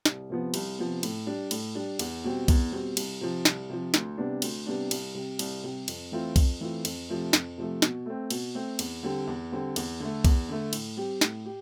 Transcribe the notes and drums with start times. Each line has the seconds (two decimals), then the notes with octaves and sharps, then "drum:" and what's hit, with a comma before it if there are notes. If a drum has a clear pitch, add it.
0.05 C2, drum: snare
0.30 C3 F3 B3
0.54 C2, drum: cymbal
0.79 C3 F3 B3
1.03 A2, drum: cymbal
1.27 G3 D4
1.51 A2, drum: cymbal
1.75 G3 D4
1.99 E2, drum: cymbal
2.24 B2 G3 C4
2.48 E2, drum: kick B1, cymbal
2.72 B2 G3 C4
2.97 C2, drum: cymbal
3.21 C3 F3
3.45 C2, drum: snare
3.70 C3 F3
3.94 D2, drum: snare
4.18 C3 G3 B3 D4
4.42 D2, drum: cymbal
4.66 C3 G3 B3 D4
4.91 C2, drum: cymbal
5.15 C3 G3
5.39 C2, drum: cymbal
5.64 C3 G3
5.88 F2, drum: cymbal
6.12 E3 A3 C4 F4
6.36 F2, drum: kick B1, cymbal
6.61 E3 A3 C4 F4
6.85 F2, drum: cymbal
7.09 C3 F3 A3
7.33 F2, drum: snare
7.58 C3 F3 A3
7.82 B2, drum: snare
8.06 A3 C4
8.31 B2, drum: cymbal
8.55 A3 C4
8.79 E2, drum: cymbal
9.03 D3 G3 C4
9.27 E2
9.52 D3 G3 C4
9.76 E2, drum: cymbal
10.00 D3 A3
10.25 E2, drum: kick B1, cymbal
10.49 D3 A3
10.73 A2, drum: cymbal
10.97 G3 C4 G4
11.21 A2, drum: snare
11.46 G4